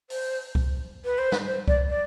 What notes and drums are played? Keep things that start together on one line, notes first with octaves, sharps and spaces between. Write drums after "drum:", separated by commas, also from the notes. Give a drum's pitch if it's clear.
C5, drum: open hi-hat
drum: kick C2
B4
C5
B4, drum: snare
C5
D5, drum: kick C2
D5